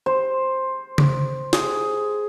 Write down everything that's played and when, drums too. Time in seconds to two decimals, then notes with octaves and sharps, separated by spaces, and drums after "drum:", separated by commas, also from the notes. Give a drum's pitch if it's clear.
0.06 C5
0.98 drum: tom C#3
1.53 G#4, drum: snare